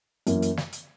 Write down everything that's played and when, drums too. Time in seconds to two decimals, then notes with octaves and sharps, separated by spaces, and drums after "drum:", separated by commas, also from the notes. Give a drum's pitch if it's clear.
0.27 F#2 E3 A#3, drum: hi-hat
0.42 drum: hi-hat
0.57 drum: snare
0.73 drum: hi-hat